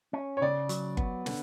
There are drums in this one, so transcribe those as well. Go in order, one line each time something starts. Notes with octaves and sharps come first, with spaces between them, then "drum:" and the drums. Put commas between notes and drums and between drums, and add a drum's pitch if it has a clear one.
C#4
C#5
C#3 D5
F#3, drum: hi-hat
B3, drum: kick G1
D3, drum: snare